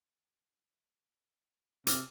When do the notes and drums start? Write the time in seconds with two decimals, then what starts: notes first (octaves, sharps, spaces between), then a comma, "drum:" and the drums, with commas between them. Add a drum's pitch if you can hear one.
1.87 C3 D6 E6 F6, drum: hi-hat